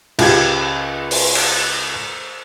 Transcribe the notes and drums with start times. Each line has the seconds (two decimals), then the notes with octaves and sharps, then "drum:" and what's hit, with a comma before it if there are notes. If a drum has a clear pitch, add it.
0.19 C#2 G4 G#6, drum: cymbal
1.11 drum: open hi-hat
1.35 drum: cymbal